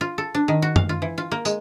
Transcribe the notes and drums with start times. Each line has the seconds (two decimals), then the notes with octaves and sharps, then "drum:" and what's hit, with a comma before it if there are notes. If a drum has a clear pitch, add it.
0.01 F4
0.18 A4
0.34 D4
0.48 D#3
0.62 F#4
0.76 F5, drum: tom F#2
0.89 F4
1.02 E3
1.18 F4
1.31 A#3
1.45 G#3, drum: tambourine